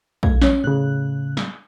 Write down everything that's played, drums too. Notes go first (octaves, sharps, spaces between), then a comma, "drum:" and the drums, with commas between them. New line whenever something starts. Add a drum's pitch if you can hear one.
A3 F5 G#6, drum: kick
C#4 C#5, drum: snare
A2 C#3 F#6
drum: snare